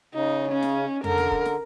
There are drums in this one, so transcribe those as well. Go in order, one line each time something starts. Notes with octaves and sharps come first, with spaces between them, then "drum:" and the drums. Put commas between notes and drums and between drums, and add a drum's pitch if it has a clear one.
C#3 D#4
C#4
drum: snare
D3 A#4, drum: tom F2
drum: snare
drum: kick
drum: snare